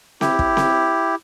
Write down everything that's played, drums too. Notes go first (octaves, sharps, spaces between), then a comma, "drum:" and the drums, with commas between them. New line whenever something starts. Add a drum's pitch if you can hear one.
E4 G4, drum: snare C4
drum: kick
drum: snare C4